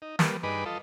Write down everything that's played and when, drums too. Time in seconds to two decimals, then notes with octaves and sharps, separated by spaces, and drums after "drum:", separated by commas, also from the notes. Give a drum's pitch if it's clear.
0.02 D#4
0.19 G3 A#3 B4, drum: snare
0.43 G2 D#4 G#4 B4 B5 D6
0.66 F4 A4 D#5